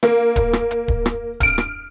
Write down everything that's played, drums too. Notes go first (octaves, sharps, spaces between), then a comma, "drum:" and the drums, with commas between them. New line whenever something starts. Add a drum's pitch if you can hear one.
A#3, drum: rim click
drum: kick D1, hi-hat
drum: rim click
drum: hi-hat
drum: kick D1
drum: rim click
F6 D7, drum: kick D1, hi-hat
drum: rim click